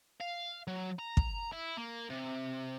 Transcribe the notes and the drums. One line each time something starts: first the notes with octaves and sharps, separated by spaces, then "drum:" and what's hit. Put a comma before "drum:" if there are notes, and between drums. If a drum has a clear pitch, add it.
F5
F#3
A#5
drum: kick
E4
A#3
C3